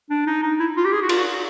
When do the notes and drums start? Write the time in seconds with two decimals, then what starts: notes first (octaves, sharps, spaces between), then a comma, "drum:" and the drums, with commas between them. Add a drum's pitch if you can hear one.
0.10 D4
0.27 D#4
0.43 D#4
0.60 E4
0.77 F4
0.85 G4
0.92 G#4
1.02 F#4
1.09 F4, drum: cymbal
1.18 F#4